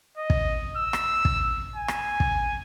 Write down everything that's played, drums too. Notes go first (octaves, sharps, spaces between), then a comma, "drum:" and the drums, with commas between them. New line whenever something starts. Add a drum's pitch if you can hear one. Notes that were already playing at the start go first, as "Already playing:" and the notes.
D#5
drum: kick
E6
drum: rim click
drum: kick
G#5
drum: rim click
drum: kick